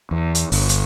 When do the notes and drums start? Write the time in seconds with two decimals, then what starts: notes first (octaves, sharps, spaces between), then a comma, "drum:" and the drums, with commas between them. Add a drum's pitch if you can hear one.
0.11 E2
0.35 drum: hi-hat
0.52 G1, drum: open hi-hat
0.69 drum: hi-hat